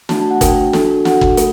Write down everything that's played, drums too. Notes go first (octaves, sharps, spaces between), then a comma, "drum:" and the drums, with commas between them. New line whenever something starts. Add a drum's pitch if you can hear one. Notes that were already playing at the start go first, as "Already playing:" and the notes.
A3 D4 F#4 A5, drum: snare
A5
F#5
A3 D4 F#4 G5, drum: kick, hi-hat
D4 F#4 A4, drum: snare
D4 F#4 A4 F#5, drum: snare
drum: kick
A3, drum: hi-hat